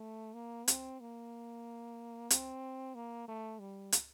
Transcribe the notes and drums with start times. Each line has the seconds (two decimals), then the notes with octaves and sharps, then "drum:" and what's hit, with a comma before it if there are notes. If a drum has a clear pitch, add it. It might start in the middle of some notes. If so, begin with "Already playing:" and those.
Already playing: A3
0.34 A#3
0.68 C4, drum: hi-hat
1.00 A#3
2.30 C4, drum: hi-hat
2.95 A#3
3.28 A3
3.59 G3
3.92 drum: hi-hat